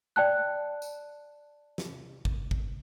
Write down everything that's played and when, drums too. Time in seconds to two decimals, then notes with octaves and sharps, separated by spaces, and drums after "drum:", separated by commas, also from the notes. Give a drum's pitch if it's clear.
0.16 D5 G5 A5 F#6
0.82 drum: tambourine
1.78 drum: snare
2.25 drum: kick
2.51 drum: kick